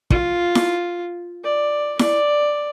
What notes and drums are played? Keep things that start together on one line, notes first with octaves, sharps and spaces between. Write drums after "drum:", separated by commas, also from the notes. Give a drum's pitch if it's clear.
F4, drum: kick
drum: snare E4
D5
D5, drum: snare E4